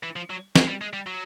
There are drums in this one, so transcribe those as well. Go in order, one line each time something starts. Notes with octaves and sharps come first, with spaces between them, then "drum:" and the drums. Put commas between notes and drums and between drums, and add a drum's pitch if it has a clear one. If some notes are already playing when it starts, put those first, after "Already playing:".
E3
F3
F#3
F#3, drum: snare
G#3
G3
G#3
G3
F#3